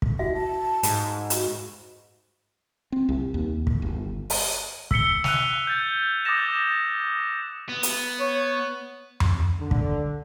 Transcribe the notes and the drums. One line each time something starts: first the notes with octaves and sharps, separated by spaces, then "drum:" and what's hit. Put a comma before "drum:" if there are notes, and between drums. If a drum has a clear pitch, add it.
drum: kick
E4 F#4 E5
A5
G#2, drum: hi-hat
F#4, drum: hi-hat
C4
C2
D#2
drum: kick
G1
drum: open hi-hat
E6 B6 C#7 G7, drum: kick
F#6 D#7 F7, drum: snare
G6 A6 D#7
D6 D#6 G6 A6 A#6 E7
A6
B3
drum: hi-hat
C#5
drum: tom F2
D3
drum: kick